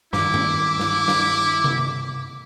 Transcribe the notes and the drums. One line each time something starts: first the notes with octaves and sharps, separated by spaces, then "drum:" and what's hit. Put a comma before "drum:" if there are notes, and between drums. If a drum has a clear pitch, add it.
G2 D#3 E4 D6, drum: snare
drum: tom
drum: snare
drum: snare
drum: tom C3